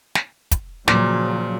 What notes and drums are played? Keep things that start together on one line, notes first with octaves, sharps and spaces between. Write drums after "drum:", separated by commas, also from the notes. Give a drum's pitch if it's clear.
drum: snare
drum: kick, hi-hat
A#2 C#3 F3 F#3, drum: snare